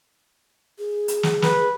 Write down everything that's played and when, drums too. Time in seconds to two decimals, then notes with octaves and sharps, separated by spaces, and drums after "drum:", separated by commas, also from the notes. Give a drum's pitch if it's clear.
0.79 G#4
1.08 drum: hi-hat
1.23 drum: snare
1.42 B4, drum: snare